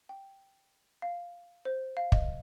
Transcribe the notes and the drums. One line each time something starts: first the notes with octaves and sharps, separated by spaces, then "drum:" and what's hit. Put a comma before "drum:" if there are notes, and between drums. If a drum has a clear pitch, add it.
G5
F5
C5
F5
D#5, drum: kick